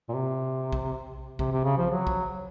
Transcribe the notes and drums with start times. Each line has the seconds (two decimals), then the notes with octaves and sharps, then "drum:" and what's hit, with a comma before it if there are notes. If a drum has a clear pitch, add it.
0.09 A#2
0.14 C3
0.73 drum: kick
1.39 C3, drum: kick
1.52 C3
1.64 C#3
1.77 F3
1.90 F#3
2.07 drum: kick